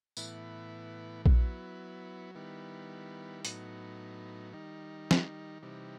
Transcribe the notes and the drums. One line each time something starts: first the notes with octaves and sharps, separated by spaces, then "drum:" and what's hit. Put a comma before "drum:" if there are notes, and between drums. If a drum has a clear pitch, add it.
A2 E3 B3 E4, drum: tambourine
F#3 B3 E4, drum: kick A#1
D#3 G3 B3 E4
A2 F#3 B3 D#4, drum: hi-hat
D#3 G3 D#4
drum: snare
C3 E3 G3 D#4